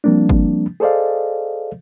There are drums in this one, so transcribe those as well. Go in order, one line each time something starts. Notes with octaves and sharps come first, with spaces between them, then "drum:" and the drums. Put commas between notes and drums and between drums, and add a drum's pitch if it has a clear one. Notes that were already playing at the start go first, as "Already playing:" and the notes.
F3 G3 A#3 C4 D4
drum: kick G1
G#4 A4 C5 D5 D#5 F5